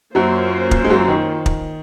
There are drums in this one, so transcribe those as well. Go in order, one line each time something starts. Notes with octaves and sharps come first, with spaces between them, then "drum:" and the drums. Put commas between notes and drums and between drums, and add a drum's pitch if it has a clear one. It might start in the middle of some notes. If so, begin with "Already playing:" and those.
F#2 F#3 A#3 C#4 F4 C5
drum: kick
G#3
F#2 F#3
D#3
drum: kick